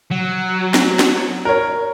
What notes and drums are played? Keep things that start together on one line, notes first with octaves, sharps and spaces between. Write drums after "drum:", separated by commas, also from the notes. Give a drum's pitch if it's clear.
F#3
drum: snare
drum: snare
A#4 C#5